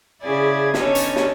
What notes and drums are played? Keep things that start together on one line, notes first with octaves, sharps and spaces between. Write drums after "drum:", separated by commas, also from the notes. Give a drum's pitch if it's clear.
C#3 E4 G#4 D5 G#6
D3 B3 C#4 D#4 A4 C#5, drum: snare
drum: hi-hat
drum: snare